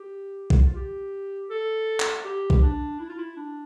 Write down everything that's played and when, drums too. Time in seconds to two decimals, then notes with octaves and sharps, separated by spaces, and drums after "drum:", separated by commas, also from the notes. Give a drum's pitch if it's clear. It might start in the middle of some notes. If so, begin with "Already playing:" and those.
Already playing: G4
0.50 drum: kick B1
0.66 F4
0.75 G4
1.50 A4
2.00 drum: clap
2.25 G4
2.50 drum: kick B1
2.63 D4
3.00 E4
3.09 F4
3.18 E4
3.37 D4